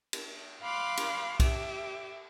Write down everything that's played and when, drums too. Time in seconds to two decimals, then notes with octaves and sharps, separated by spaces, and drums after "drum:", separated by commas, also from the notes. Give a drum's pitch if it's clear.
0.13 drum: cymbal
0.62 F5 B5 C6 D6 F6 F#6
0.97 drum: cymbal
1.40 G4 E5, drum: kick B1, cymbal